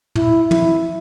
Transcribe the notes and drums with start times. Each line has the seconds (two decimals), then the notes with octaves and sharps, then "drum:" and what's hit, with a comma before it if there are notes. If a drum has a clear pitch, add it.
0.15 E4, drum: tom
0.51 E4, drum: tom